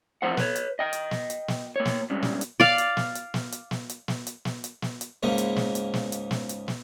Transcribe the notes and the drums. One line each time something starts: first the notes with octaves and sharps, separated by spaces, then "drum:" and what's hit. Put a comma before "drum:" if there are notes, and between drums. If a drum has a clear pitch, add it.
E2 F3 C5 F#5
B4 C#5, drum: snare
drum: hi-hat
D#5 G5
drum: hi-hat
drum: snare
drum: hi-hat
drum: snare
A#3 C#5
drum: snare
G2 G#3 C#4
drum: snare
drum: hi-hat
D5 F5, drum: snare
drum: hi-hat
drum: snare
drum: hi-hat
drum: snare
drum: hi-hat
drum: snare
drum: hi-hat
drum: snare
drum: hi-hat
drum: snare
drum: hi-hat
drum: snare
drum: hi-hat
C#2 G#2 C#3 A#3
drum: hi-hat
drum: snare
drum: hi-hat
drum: snare
drum: hi-hat
drum: snare
drum: hi-hat
drum: snare